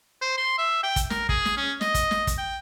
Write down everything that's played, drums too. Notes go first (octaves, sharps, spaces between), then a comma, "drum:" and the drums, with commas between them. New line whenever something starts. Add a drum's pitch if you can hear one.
C5
C6
E5
G5
drum: kick, hi-hat
A#4, drum: snare
G#4, drum: kick
drum: snare
C#4
D#5, drum: snare
drum: kick, hi-hat
drum: snare
drum: kick, hi-hat
G5